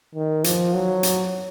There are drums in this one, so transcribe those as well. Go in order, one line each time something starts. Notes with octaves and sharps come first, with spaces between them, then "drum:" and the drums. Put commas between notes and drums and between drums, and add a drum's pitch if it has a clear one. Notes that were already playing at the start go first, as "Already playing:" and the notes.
D#3
F3, drum: hi-hat
F#3
drum: hi-hat